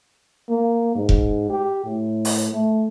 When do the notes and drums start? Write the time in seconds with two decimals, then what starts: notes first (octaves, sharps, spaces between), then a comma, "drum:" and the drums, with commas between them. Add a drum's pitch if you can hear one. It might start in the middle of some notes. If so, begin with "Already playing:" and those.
0.49 A#3
0.96 G#2
1.09 drum: kick F1
1.50 G4
1.85 A2
2.25 drum: open hi-hat
2.52 A3